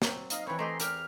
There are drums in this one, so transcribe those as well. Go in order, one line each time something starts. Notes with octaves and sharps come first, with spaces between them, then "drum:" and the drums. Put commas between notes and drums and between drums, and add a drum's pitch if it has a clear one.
F#3 C4, drum: snare
D#4 D#5 F5, drum: hi-hat
E3 C4 B4 C#5
A3 G4 G#4 D#5 A#5 C6
E2 G4 A#4 F6, drum: hi-hat